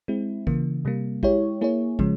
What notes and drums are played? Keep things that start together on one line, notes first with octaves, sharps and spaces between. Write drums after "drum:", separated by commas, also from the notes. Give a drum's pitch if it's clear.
G#3 C4 E4
C#3 E3 A#3, drum: kick
C3 G3 A#3
G#3 E4 G4 C#5, drum: kick
A#3 E4 G#4 C#5
C#3 F3 G#3 C#4, drum: kick